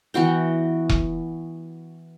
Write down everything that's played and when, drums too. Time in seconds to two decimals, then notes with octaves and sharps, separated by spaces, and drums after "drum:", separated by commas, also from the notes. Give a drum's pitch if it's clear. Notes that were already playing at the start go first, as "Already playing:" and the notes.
0.14 E3 B3 F#4 G5
0.89 drum: kick E1